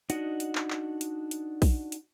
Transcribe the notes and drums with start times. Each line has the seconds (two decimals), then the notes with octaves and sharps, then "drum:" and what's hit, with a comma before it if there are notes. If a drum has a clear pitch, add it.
0.10 D4 D#4 F#4 D#5 F#5, drum: hi-hat
0.40 drum: hi-hat
0.55 drum: clap
0.70 drum: clap
1.01 drum: hi-hat
1.31 drum: hi-hat
1.62 drum: kick A#1, open hi-hat
1.92 drum: hi-hat